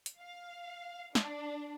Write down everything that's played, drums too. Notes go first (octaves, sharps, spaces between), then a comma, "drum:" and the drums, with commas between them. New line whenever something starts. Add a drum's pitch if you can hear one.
drum: hi-hat
F5
D4, drum: snare